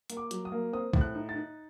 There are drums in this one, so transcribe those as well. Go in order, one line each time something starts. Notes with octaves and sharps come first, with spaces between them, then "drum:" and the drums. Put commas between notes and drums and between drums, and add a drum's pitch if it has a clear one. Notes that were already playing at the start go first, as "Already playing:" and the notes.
A#3, drum: hi-hat
D6
F#3, drum: hi-hat
D#6
A#3
C4 D#6
A2, drum: kick
F#6
D#4
A6
D#4